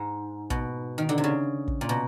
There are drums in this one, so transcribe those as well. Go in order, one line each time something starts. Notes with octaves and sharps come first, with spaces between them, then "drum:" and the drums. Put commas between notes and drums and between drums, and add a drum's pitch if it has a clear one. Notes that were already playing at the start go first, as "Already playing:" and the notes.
Already playing: G#2
B2, drum: kick
D#3
D3
C3
C#3
drum: kick
A#2
B2